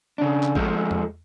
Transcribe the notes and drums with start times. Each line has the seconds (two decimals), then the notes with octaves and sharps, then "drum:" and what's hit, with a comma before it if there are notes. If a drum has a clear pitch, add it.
0.18 C#3 D4
0.43 drum: clap
0.55 F3 G#3 A3, drum: kick
0.91 drum: tom E2